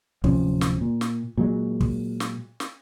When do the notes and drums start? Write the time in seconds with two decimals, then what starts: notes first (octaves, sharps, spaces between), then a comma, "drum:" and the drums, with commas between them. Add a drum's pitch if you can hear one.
0.24 D1 C3 F3 C#4, drum: kick
0.61 drum: snare
0.81 A#2
1.01 drum: snare
1.38 A#2 F#3 G#3
1.81 drum: kick
2.20 drum: snare
2.60 drum: snare